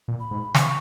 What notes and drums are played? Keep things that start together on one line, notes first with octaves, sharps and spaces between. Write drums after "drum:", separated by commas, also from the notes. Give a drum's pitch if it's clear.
A#2
B5
G#2
B2 C#6, drum: snare